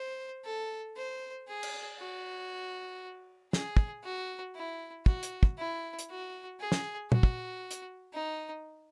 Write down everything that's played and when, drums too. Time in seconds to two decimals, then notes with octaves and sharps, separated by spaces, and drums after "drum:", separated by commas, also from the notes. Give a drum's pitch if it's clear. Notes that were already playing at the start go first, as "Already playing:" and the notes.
Already playing: C5
0.45 A4
0.96 C5
1.48 G#4
1.63 drum: cymbal
1.99 F#4
3.53 G#4, drum: snare
3.77 drum: kick
4.04 F#4
4.56 E4
5.06 F#4, drum: kick
5.23 drum: hi-hat
5.43 drum: kick
5.59 E4
5.99 drum: hi-hat
6.10 F#4
6.60 G#4
6.72 drum: snare
7.12 F#4, drum: tom A#2
7.23 drum: kick
7.71 drum: hi-hat
8.14 D#4